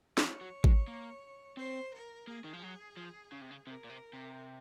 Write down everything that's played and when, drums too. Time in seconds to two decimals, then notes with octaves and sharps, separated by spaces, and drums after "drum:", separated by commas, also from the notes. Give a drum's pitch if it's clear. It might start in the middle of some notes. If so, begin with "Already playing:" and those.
0.18 F3 C#5, drum: snare
0.41 F#3
0.64 G#3, drum: kick G#1
0.88 A#3
1.57 C4 C5
1.93 A#4
2.27 A#3 G#4
2.44 D#3
2.53 F3
2.63 F#3
2.97 F3
3.32 C#3
3.42 C3
3.51 C#3
3.67 C3 A#4
3.84 A#2
3.90 C3
4.13 C3